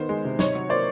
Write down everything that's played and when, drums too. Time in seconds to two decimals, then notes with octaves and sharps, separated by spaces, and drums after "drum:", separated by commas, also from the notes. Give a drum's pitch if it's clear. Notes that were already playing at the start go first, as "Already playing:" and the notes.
Already playing: D#3 B3 C5
0.09 G#3
0.24 C3
0.39 D#4 C#5, drum: snare
0.55 F#3
0.69 A#3 C5 D5